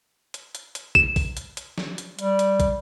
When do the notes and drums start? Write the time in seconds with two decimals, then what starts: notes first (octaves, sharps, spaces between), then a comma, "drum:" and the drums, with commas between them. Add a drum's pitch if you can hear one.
0.34 drum: hi-hat
0.55 drum: hi-hat
0.75 drum: hi-hat
0.95 E7, drum: kick
1.16 drum: kick, open hi-hat
1.37 drum: hi-hat
1.57 drum: hi-hat
1.78 drum: snare
1.98 drum: hi-hat
2.19 G3, drum: hi-hat
2.39 drum: hi-hat
2.60 drum: kick, hi-hat